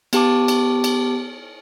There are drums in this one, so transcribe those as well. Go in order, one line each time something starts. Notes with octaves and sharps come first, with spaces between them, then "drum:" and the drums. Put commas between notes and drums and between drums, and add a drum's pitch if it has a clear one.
B3 G4 A5 D6, drum: cymbal
drum: cymbal
drum: cymbal